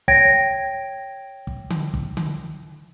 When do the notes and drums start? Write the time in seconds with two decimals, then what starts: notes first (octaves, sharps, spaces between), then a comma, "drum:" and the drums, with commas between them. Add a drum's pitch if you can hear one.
0.08 C#5 G5 G#6 A#6 D7, drum: kick
1.47 drum: kick
1.70 drum: tom D3
1.94 drum: kick
2.17 drum: tom D3